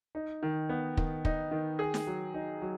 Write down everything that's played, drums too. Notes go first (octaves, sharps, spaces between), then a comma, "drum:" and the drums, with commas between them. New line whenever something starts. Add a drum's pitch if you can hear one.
D#4
D#3
B3
D#3, drum: kick
D#4, drum: kick
D#3
G#4
drum: snare
F#3
D#4
F#3